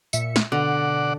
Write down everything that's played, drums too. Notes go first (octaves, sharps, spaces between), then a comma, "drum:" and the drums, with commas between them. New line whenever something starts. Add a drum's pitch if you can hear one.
A#2 E5 C#7, drum: tambourine
drum: snare
B2 D3 D5 F#5